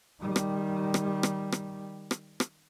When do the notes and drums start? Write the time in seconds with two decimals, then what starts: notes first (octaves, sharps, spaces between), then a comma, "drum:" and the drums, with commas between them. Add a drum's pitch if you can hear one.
0.21 D#3 G3
0.36 drum: rim click
0.94 drum: rim click
1.23 drum: rim click
1.52 drum: rim click
2.11 drum: rim click
2.40 drum: rim click